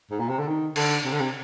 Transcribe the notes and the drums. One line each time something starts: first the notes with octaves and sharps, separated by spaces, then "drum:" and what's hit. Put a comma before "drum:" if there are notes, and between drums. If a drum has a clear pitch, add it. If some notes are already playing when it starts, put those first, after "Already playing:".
G#2
A#2
C3
D3
D#3
D3, drum: cymbal
C3
D3
C3